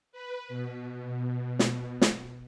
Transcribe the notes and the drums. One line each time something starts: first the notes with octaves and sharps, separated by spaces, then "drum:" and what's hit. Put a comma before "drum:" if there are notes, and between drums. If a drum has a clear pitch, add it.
B4
B2
drum: snare
drum: snare